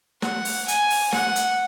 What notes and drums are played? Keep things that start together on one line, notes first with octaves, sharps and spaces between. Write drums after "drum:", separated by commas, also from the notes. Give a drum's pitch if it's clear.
F#5, drum: snare
drum: open hi-hat
G#5, drum: hi-hat
drum: open hi-hat
F#5, drum: snare
drum: hi-hat